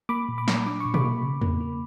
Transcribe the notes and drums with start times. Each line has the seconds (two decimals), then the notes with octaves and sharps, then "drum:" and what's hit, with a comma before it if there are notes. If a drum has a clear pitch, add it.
0.09 A#3 B5 D6
0.29 A#2
0.38 B5 D6
0.48 A#3, drum: snare
0.66 D4 D6
0.80 A#2 C#6
0.94 B5 D6, drum: tom B2
1.04 A#3
1.23 C#3
1.41 A#3, drum: tom E2
1.61 A#3